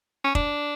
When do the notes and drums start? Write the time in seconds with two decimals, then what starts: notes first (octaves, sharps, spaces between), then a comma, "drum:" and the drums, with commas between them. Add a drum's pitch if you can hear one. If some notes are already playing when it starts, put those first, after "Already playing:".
0.24 C#4
0.35 D4, drum: kick